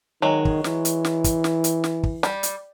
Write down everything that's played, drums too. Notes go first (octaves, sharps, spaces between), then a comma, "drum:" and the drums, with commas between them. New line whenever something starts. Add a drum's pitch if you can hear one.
D#3 F#3 G#3
drum: kick
E3, drum: snare
drum: hi-hat
drum: snare
drum: kick, hi-hat
drum: snare
drum: hi-hat
drum: snare
drum: kick
G3, drum: snare
drum: hi-hat